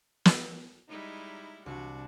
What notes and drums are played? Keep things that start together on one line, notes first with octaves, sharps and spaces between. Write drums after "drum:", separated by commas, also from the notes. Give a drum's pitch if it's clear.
drum: snare
G3 G#3 D#4 E4 B5
C2 D4 F#4